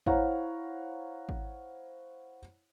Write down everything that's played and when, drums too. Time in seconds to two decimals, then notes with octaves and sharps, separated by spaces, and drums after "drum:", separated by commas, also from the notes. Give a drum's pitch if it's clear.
0.06 E4 C5 C#5 F5 F#5 A#5, drum: kick G#1
1.29 drum: kick G#1